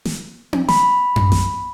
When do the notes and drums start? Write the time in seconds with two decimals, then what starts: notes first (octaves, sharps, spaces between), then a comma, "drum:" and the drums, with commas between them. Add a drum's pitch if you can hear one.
0.05 drum: snare
0.53 drum: tom C4
0.69 B5, drum: snare
1.16 drum: tom F#2
1.32 drum: snare